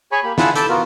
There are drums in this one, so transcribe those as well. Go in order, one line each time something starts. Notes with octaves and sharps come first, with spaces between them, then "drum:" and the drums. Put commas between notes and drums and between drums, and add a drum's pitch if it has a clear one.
G#4 C#5 G#5 B5 C#6
A#3 G4 B5
E4 F4 G#4 F#5 A5 B5, drum: snare
A4 A5 B5 D6 E6 G6, drum: hi-hat
B3 F4 F#4 A#4